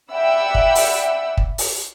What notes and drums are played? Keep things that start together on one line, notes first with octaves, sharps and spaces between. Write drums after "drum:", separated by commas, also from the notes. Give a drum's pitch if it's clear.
D5 E5 F#5 G5 B5 E6
drum: kick
drum: open hi-hat
drum: kick
drum: open hi-hat